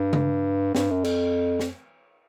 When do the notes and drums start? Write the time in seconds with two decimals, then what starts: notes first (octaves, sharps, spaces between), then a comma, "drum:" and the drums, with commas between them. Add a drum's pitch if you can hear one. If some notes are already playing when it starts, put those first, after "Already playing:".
Already playing: G2
0.13 drum: tom C#3
0.75 G2, drum: snare
0.91 F#2
1.04 F2, drum: cymbal
1.60 drum: snare